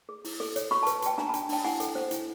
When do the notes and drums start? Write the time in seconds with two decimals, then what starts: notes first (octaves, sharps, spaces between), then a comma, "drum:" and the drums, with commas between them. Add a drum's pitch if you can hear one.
0.09 G#4
0.25 E4, drum: open hi-hat
0.40 A4, drum: snare
0.56 C#5, drum: hi-hat
0.71 F#4 B5 C#6, drum: snare
0.83 A5 B5
0.86 B4, drum: hi-hat
1.02 F#4 G5 A5, drum: hi-hat
1.18 D4 G#5 A#5, drum: snare
1.29 A5 B5
1.34 D4, drum: hi-hat
1.49 D4 G5 A5, drum: open hi-hat
1.64 E4 F#5 G#5, drum: snare
1.80 A4, drum: hi-hat
1.95 C5, drum: snare
2.11 E4, drum: hi-hat